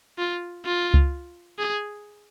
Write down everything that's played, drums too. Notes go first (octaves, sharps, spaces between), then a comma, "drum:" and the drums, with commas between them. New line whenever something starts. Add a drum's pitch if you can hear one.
F4
F4
drum: kick C#2
G#4